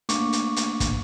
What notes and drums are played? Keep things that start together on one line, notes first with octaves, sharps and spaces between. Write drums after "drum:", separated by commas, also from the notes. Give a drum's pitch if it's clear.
A3 A#3 D4 C#6 D6, drum: hi-hat
drum: hi-hat
drum: hi-hat
drum: kick, hi-hat